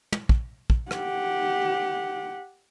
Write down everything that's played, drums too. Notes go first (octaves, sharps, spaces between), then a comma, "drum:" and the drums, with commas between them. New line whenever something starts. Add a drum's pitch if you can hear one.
drum: tom
drum: kick
drum: kick
G4 F#5, drum: rim click